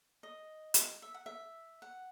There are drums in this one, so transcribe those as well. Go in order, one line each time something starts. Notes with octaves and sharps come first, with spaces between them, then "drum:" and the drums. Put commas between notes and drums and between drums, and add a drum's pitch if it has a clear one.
D#5
drum: hi-hat
E5
F#5
E5
F#5